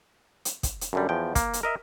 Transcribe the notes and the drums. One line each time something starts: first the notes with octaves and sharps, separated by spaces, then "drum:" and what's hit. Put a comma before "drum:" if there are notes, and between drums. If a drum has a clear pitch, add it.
drum: hi-hat
drum: kick, hi-hat
drum: hi-hat
F#2 D3 G3
E2 F3 G5
A#3, drum: kick, hi-hat
drum: hi-hat
A#4 D#5 E5